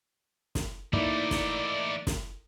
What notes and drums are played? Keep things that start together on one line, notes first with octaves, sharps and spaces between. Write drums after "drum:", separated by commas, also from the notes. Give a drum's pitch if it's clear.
drum: snare
E3 A3 A#3 D#4 E4 D5, drum: kick
drum: snare
drum: snare